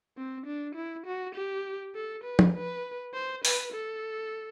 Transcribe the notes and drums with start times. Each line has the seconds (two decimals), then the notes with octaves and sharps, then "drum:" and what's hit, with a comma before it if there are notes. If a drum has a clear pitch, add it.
0.17 C4
0.47 D4
0.76 E4
1.07 F#4
1.35 G4
1.95 A4
2.24 B4
2.39 drum: tom F3
2.55 B4
3.14 C5
3.45 B4, drum: open hi-hat
3.73 A4